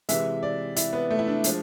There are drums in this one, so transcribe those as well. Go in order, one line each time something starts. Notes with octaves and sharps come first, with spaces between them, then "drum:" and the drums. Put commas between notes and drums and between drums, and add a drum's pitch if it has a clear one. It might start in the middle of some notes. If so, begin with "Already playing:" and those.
C3 E3 G#3 E5, drum: hi-hat
D5
E4, drum: hi-hat
B3
A3
E4
D4
F3 G#3, drum: hi-hat